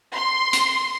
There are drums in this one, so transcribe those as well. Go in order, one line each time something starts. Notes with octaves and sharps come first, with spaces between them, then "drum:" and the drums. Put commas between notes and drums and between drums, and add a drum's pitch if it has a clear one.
C6
drum: hi-hat